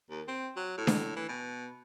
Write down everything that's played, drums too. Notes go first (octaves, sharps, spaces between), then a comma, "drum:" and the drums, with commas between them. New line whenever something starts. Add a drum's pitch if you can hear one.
D#2
C4
F#3
A2
drum: snare D4
E3
B2